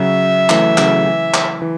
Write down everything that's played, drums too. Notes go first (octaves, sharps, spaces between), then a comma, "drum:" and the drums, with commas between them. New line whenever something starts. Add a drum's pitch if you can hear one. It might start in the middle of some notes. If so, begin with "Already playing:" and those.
Already playing: C#3 F#3 E5
E3 A3, drum: clap
C#3 F#3, drum: clap
E3
drum: clap
E3